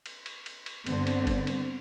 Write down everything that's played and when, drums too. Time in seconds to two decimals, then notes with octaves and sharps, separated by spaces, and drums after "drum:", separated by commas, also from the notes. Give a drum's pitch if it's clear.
0.06 drum: cymbal
0.26 drum: cymbal
0.46 drum: cymbal
0.66 drum: cymbal
0.86 G2 D3 B3 C4, drum: cymbal
1.07 drum: cymbal
1.27 drum: kick F#1, cymbal
1.47 drum: cymbal